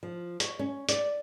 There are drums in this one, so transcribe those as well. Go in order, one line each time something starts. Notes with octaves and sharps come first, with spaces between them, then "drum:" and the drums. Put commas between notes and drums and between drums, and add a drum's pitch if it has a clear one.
F3
C#5, drum: hi-hat
C#4
D5, drum: hi-hat